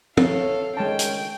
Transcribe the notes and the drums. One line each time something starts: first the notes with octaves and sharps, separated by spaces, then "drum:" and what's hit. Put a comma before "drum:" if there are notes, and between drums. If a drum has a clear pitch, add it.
E3 E4 A4 C#5 F5, drum: tom
D2 D#3 G#3 C#4 G5 A5
drum: hi-hat